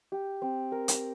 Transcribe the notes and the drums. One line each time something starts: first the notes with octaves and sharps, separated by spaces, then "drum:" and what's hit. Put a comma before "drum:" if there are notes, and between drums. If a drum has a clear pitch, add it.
G4
C4
A#4
drum: hi-hat